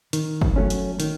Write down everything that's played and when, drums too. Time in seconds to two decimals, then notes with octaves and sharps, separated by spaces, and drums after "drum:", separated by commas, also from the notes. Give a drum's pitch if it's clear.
0.13 D#3, drum: hi-hat
0.41 drum: kick
0.56 F#3 A3 C#4
0.70 drum: hi-hat
1.00 D#3, drum: hi-hat